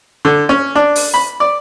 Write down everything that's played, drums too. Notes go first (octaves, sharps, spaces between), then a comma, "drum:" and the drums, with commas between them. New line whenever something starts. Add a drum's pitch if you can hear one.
D3
C#4
D4
drum: open hi-hat
B5
D5